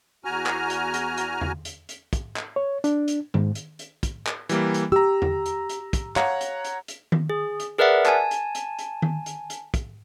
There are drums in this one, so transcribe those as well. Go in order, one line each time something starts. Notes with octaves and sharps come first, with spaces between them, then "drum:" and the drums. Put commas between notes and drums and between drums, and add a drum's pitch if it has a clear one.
E2 F#4 G#5 A#5 F6
drum: clap
drum: hi-hat
drum: hi-hat
drum: hi-hat
drum: tom E2
drum: hi-hat
drum: hi-hat
drum: kick, hi-hat
drum: clap
C#5
D4, drum: hi-hat
drum: hi-hat
G#2, drum: tom D#3
drum: hi-hat
drum: hi-hat
drum: kick, hi-hat
drum: clap
E3 G3 A#3, drum: hi-hat
drum: hi-hat
G4 A#5 E6
drum: tom E2
drum: hi-hat
drum: hi-hat
drum: kick, hi-hat
C#5 F5 F#5 A#5, drum: clap
drum: hi-hat
drum: hi-hat
drum: hi-hat
drum: tom D#3
G#4
drum: hi-hat
G#4 A#4 B4 D5 E5 F#5
G#5 A5, drum: clap
drum: hi-hat
drum: hi-hat
drum: hi-hat
drum: tom D#3
drum: hi-hat
drum: hi-hat
drum: kick, hi-hat